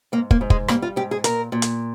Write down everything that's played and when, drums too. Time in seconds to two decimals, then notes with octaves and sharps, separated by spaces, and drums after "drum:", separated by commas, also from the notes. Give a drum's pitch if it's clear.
0.12 G#2 A#3
0.31 A#3, drum: kick
0.41 G#2
0.50 G#3, drum: kick
0.68 G3 A#3, drum: rim click
0.82 F4
0.96 G#2 G4
1.11 G#4
1.24 A#2 A#4, drum: hi-hat
1.52 A#2
1.62 drum: hi-hat